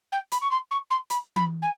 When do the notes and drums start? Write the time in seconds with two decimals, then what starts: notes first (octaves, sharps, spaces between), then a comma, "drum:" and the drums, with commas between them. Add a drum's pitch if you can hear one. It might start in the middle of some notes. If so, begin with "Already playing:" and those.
0.12 G5
0.32 B5, drum: hi-hat
0.42 C#6
0.51 C6
0.71 C#6
0.90 C6
1.10 B5, drum: hi-hat
1.36 B5, drum: tom E3
1.62 G#5